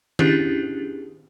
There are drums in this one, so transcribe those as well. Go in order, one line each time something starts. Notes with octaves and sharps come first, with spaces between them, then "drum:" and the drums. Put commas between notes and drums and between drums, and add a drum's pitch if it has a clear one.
C#4 D4 E4 G4 G#4, drum: tom D#3